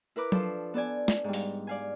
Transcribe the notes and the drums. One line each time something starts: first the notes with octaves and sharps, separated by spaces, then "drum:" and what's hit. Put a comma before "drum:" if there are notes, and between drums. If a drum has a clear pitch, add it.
E4 A#4 B4 D6
F3 D4 F4 A4, drum: tom F#3
B3 A4 D5 G#5
drum: snare
G#2 G3
drum: open hi-hat
D5 F5 G#5